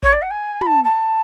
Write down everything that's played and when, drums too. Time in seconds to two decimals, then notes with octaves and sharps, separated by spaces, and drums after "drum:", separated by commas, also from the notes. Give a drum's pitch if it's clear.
0.03 C#5, drum: kick
0.12 D5
0.21 F#5
0.30 G#5
0.61 B5, drum: tom
0.66 A5
0.84 A5